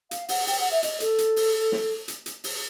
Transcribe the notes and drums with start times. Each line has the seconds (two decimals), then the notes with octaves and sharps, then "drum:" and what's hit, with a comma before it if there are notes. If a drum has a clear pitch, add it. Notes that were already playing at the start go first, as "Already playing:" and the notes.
0.11 F5, drum: hi-hat
0.28 F#5, drum: open hi-hat
0.47 G5, drum: open hi-hat
0.59 F#5
0.71 E5
0.83 D#5, drum: hi-hat
1.00 A4, drum: hi-hat
1.18 drum: hi-hat
1.36 drum: open hi-hat
1.72 drum: snare
2.08 drum: hi-hat
2.26 drum: hi-hat
2.44 drum: open hi-hat